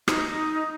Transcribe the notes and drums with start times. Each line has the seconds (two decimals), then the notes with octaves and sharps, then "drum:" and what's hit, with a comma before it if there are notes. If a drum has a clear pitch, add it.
0.08 D#4, drum: rim click